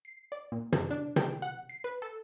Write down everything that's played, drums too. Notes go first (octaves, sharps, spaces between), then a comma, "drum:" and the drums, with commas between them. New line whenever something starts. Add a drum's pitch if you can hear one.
C7
D5
A#2
F#2, drum: tom
D4
G5, drum: tom
F#5
C7
B4
A4